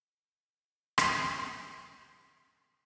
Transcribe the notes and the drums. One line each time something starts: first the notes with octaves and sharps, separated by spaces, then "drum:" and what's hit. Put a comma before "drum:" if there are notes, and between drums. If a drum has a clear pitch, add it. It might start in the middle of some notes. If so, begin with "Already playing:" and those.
A5 G6 G#6 B6
drum: rim click